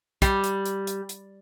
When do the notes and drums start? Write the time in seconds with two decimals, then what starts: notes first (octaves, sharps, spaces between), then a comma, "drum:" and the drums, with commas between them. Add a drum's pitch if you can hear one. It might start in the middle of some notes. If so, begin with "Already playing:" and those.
0.22 G3, drum: kick, hi-hat
0.44 drum: hi-hat
0.65 drum: hi-hat
0.87 drum: hi-hat
1.09 drum: hi-hat